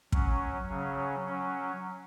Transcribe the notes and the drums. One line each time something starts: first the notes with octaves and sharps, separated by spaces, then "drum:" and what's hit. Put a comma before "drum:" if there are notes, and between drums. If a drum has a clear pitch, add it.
F#3 C#4, drum: kick
C#3 F#3 C#4
F#3 C#4